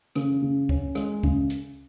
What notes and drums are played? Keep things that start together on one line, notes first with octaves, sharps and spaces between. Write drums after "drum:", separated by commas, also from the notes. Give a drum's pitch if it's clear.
C#3, drum: rim click
C#3
C#4, drum: kick C#2
G#3, drum: rim click
C#3, drum: kick C#2
drum: hi-hat